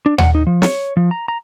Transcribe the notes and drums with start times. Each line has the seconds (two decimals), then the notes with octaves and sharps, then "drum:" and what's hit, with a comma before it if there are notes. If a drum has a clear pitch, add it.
0.06 D4
0.18 F#5, drum: tom D#2
0.35 D#4
0.47 F3
0.62 C#5, drum: snare
0.97 F3
1.11 A#5
1.28 A#5